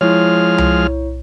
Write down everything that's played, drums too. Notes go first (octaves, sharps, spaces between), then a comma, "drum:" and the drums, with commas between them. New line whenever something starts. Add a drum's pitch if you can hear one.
F3 G#3 E4 C#5 F6
drum: tom C2